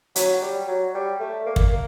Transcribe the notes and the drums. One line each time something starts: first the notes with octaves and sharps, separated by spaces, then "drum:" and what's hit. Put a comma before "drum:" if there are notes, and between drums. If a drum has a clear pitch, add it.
F#3, drum: hi-hat
G3
F#3
G3
A3
A#3
drum: kick
A#3